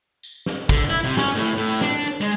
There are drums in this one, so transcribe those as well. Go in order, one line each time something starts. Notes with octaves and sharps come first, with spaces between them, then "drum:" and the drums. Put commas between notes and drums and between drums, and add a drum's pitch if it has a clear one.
drum: tambourine
drum: snare
D3, drum: kick, tambourine
E4, drum: tambourine
C3
C#4, drum: snare
A2
A2
D4, drum: snare
G#3